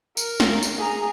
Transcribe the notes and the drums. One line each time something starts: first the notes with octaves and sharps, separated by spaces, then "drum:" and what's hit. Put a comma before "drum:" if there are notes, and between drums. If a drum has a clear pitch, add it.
A#4, drum: tambourine
drum: snare
drum: tambourine
G#4 A#5